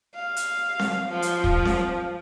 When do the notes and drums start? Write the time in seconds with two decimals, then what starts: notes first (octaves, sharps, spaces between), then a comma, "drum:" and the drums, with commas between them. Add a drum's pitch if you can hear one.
0.15 F5
0.36 drum: hi-hat
0.79 drum: snare C4
1.09 F3
1.22 drum: hi-hat
1.44 drum: kick
1.65 drum: snare C4